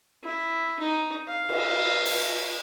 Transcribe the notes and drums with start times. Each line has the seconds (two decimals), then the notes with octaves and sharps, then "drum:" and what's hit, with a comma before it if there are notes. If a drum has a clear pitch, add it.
0.23 E4
0.79 D#4
1.28 F5
1.49 drum: cymbal
2.05 drum: open hi-hat